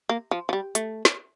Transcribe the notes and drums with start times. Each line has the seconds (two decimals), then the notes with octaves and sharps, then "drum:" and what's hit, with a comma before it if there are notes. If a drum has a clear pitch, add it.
0.09 A#3
0.31 F3
0.49 F3
0.53 G3
0.75 A3, drum: hi-hat
1.05 drum: snare